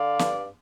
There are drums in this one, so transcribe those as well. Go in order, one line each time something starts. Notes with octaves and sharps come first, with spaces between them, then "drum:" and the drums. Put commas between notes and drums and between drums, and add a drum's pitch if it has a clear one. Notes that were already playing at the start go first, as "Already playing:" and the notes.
Already playing: D3 D5 F5
G2, drum: snare